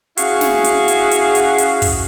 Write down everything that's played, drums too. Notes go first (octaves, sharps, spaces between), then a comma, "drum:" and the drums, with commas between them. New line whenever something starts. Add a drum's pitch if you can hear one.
C#4 E4 F#4 G#4 F5, drum: hi-hat
drum: snare
drum: hi-hat
drum: hi-hat
drum: hi-hat
drum: hi-hat
drum: hi-hat
drum: kick, open hi-hat